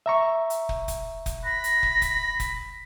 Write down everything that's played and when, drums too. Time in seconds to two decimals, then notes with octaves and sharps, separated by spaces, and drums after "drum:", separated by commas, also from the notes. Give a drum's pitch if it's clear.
0.06 E5 A#5 C#6
0.50 drum: hi-hat
0.69 drum: kick
0.88 drum: kick, hi-hat
1.26 drum: kick, hi-hat
1.45 B5 A#6
1.64 drum: hi-hat
1.83 drum: kick
2.02 drum: kick, hi-hat
2.40 drum: kick, hi-hat